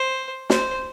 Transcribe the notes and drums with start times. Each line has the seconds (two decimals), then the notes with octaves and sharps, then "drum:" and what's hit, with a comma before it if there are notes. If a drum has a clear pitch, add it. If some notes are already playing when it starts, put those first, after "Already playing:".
Already playing: C5
0.50 C5, drum: snare